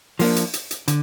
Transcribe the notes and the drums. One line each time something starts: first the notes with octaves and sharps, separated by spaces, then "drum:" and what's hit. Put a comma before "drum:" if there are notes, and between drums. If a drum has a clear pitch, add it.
F3 A#3 D4, drum: open hi-hat
drum: hi-hat
drum: hi-hat
drum: hi-hat
D3, drum: hi-hat